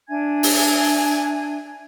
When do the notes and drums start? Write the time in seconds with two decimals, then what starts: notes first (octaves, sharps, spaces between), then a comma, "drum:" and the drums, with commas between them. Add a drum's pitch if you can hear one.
0.08 D4 E5 G#5 G#6
0.43 drum: open hi-hat